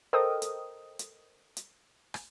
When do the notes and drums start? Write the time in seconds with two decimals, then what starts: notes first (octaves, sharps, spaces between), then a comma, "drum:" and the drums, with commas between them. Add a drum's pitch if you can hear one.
0.13 A4 A#4 C5 D#5 G5 D#6
0.42 drum: hi-hat
0.99 drum: hi-hat
1.57 drum: hi-hat
2.14 drum: rim click